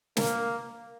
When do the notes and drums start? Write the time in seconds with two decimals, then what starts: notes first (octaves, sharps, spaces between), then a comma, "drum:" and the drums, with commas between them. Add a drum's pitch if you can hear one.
0.17 A#3, drum: snare